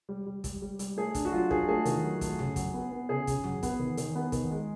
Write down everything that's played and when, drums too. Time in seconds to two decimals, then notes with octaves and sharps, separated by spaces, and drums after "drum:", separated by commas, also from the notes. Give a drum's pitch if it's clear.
0.09 G3
0.26 G3
0.44 G3, drum: kick, hi-hat
0.62 G3
0.79 G3, drum: hi-hat
0.97 A3 G#4
1.15 D4, drum: kick, hi-hat
1.25 F#4
1.32 F#3 F4
1.51 D4 G#4, drum: kick
1.68 A3 G#4
1.85 D#3, drum: hi-hat
2.03 F#3
2.21 A3, drum: kick, hi-hat
2.39 C#3, drum: tom F2
2.56 F#3, drum: kick, hi-hat
2.74 B3
2.92 B3
3.09 C#3 G#4
3.27 C#3, drum: kick, hi-hat
3.44 F#3, drum: tom F2
3.63 B3, drum: kick, hi-hat
3.79 D#3
3.97 D#3, drum: hi-hat
4.15 B3
4.32 D#3, drum: kick, hi-hat
4.51 G#3